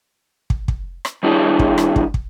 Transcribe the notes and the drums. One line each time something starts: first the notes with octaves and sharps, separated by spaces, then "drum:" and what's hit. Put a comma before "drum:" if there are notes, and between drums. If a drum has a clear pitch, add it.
drum: kick
drum: kick
drum: rim click
D#3 G3 D4 E4 G#4 C#5
drum: kick
drum: rim click
drum: kick
drum: kick